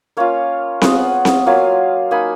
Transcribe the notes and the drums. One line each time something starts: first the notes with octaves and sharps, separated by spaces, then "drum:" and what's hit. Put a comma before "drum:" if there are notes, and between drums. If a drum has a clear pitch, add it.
A#3 C#4 F4 C#5 F5
G#3 B3 F4 D#5 F#5, drum: snare C4
drum: snare C4
F#3 A#3 F4 F5 G#5
A#3 D#4 G#5 B5